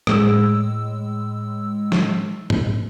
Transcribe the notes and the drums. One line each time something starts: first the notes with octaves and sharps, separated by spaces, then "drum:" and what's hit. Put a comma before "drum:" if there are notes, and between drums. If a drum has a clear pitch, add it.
A2 G#3 E6, drum: rim click
drum: snare
drum: tom